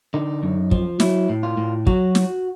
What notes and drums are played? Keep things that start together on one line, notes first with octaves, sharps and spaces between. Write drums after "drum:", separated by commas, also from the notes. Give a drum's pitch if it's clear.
D3 D#4
F#2
F3, drum: kick
F#3 E4, drum: snare
A2
F4
A2
F#3 F#4, drum: kick
drum: snare